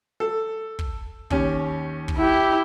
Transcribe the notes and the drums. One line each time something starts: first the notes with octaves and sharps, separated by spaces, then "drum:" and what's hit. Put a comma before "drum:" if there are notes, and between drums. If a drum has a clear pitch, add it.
A4
drum: kick
D#2 C#4 G4, drum: kick
drum: kick
E4 G4